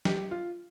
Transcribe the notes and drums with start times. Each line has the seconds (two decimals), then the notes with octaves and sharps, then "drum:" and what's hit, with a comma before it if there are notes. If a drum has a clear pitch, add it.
0.05 G4, drum: snare F#3
0.31 F4